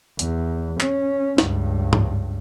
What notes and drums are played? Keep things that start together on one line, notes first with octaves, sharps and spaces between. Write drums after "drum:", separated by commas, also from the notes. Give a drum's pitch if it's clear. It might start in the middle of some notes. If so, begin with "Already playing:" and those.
E2, drum: hi-hat
C#4, drum: clap
C#2 G2, drum: snare
drum: tom G#2